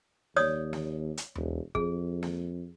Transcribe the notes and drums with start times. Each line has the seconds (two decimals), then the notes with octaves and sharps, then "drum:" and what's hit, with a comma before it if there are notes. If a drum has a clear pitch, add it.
0.36 D#2 C#5 D5 D#6, drum: snare
0.73 drum: snare
1.17 drum: hi-hat
1.35 E1, drum: tom D#2
1.75 F2 G#4, drum: kick
2.23 drum: snare